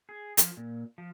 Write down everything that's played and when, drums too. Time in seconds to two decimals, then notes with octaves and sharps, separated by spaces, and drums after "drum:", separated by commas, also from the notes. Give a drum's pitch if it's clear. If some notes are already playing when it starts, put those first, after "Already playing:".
0.09 G#4
0.37 F3, drum: hi-hat
0.57 A#2
0.98 F3